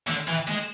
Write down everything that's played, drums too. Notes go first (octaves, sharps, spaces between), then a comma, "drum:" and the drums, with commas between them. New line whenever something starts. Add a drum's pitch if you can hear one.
D3, drum: snare
E3
G#3, drum: snare